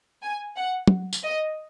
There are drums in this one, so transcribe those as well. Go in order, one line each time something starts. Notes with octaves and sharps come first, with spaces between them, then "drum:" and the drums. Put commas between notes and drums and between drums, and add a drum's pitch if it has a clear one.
G#5
F#5
drum: tom
drum: tambourine
D#5